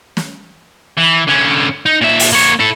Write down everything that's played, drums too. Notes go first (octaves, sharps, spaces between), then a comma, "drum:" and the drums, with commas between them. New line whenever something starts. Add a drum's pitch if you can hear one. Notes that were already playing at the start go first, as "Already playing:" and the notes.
drum: snare
E3
D3 C#4
D#4
A#2 E5
drum: open hi-hat
A#3 C#5
E4 A4